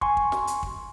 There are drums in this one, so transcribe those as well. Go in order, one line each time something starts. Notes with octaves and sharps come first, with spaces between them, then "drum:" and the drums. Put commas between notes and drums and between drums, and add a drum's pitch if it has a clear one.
G#5 C6 C#6, drum: kick
drum: kick
drum: snare
drum: hi-hat
drum: kick